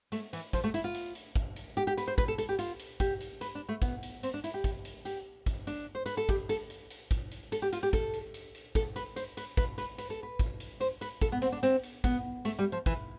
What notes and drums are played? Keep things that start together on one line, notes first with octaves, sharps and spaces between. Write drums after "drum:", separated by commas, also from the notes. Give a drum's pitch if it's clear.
A3, drum: hi-hat
E3, drum: hi-hat
F3, drum: kick, hi-hat
A3
E4, drum: hi-hat
F4
drum: hi-hat
drum: hi-hat
drum: kick, hi-hat
drum: hi-hat
G4
G4
B4, drum: hi-hat
C5
B4, drum: kick, hi-hat
A4
A4, drum: hi-hat
G4
F4, drum: hi-hat
drum: hi-hat
G4, drum: kick, hi-hat
drum: hi-hat
B4, drum: hi-hat
D4
A3
B3, drum: kick, hi-hat
drum: hi-hat
C4, drum: hi-hat
D4
E4, drum: hi-hat
G4
drum: kick, hi-hat
drum: hi-hat
G4, drum: hi-hat
drum: kick, hi-hat
D4, drum: hi-hat
C5
B4, drum: hi-hat
A4
G4, drum: kick, hi-hat
A4, drum: hi-hat
drum: hi-hat
drum: hi-hat
drum: kick, hi-hat
drum: hi-hat
A4, drum: hi-hat
G4
F4, drum: hi-hat
G4
A4, drum: kick, hi-hat
drum: hi-hat
drum: hi-hat
drum: hi-hat
A4, drum: kick, hi-hat
B4, drum: hi-hat
C5, drum: hi-hat
B4, drum: hi-hat
B4, drum: kick, hi-hat
B4, drum: hi-hat
B4, drum: hi-hat
A4
B4
drum: kick, hi-hat
drum: hi-hat
C5, drum: hi-hat
B4, drum: hi-hat
A4, drum: kick, hi-hat
B3
C4, drum: hi-hat
D4
C4, drum: hi-hat
drum: hi-hat
B3, drum: kick, hi-hat
A3, drum: hi-hat
G3
F3
E3, drum: kick, hi-hat